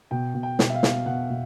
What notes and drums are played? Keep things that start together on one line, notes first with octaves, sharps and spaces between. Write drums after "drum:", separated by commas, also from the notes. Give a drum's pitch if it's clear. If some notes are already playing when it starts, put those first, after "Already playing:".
B2 G5
B2
G5
B2, drum: snare
E5
F5
B2, drum: snare
B2 F#5
B2